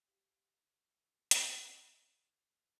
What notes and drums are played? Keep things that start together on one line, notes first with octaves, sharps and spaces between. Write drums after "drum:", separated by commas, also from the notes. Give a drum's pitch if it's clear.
G4 F5
drum: hi-hat